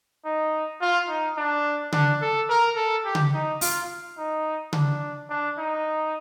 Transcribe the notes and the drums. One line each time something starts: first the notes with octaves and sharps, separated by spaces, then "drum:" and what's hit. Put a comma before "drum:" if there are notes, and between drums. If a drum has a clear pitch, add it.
D#4
F4
D#4
D4
D4, drum: tom C#3
A4
A#4
A4
G4
drum: tom C#3
D#4
F4, drum: open hi-hat
D#4
D4, drum: tom C#3
D4
D#4